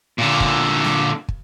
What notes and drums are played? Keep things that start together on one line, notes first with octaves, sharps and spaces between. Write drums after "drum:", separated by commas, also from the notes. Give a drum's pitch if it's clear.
A#2 D3
drum: kick
drum: snare
drum: kick